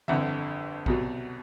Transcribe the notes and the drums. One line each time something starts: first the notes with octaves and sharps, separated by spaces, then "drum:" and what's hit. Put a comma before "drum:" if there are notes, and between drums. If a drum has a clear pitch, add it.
G1 F2 D3 E5 F#5, drum: tom E3
C2 B2 F#3, drum: kick A#1